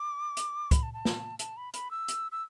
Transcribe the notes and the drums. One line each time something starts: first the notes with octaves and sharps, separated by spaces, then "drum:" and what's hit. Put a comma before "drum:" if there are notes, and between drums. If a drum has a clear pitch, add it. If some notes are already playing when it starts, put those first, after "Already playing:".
Already playing: D6
drum: hi-hat
B5, drum: kick, hi-hat
A5
A5
drum: snare
A5, drum: hi-hat
B5
B5, drum: hi-hat
E6
drum: hi-hat
E6